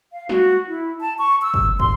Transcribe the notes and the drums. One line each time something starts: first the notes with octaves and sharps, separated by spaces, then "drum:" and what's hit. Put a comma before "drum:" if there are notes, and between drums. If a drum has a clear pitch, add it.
F5
F#4, drum: snare
E4
A5
C#6
E6
drum: kick
C6, drum: kick